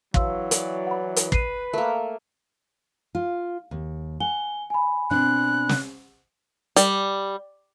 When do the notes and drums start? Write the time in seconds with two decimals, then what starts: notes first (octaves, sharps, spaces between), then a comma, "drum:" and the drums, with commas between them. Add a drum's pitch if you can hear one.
0.14 E3 F#3 F5 C6 E6, drum: kick
0.51 D5, drum: hi-hat
0.87 F#5 B5
1.16 drum: hi-hat
1.32 B4 C7 D#7, drum: kick
1.73 A3 A#3 A#4
3.15 F4
3.71 D#2
4.20 F#5 G#5 G7
4.70 G#5 B5
5.11 B2 C4 D4 F#6
5.69 drum: snare
6.76 G3, drum: hi-hat